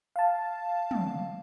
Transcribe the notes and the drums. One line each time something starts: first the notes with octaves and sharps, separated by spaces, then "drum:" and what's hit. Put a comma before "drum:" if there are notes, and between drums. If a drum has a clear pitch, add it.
F5 A5
drum: tom